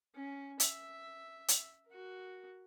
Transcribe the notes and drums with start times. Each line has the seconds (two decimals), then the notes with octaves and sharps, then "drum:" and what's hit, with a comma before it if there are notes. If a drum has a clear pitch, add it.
0.15 C#4
0.60 E5, drum: hi-hat
1.48 drum: hi-hat
1.87 F#4 A#4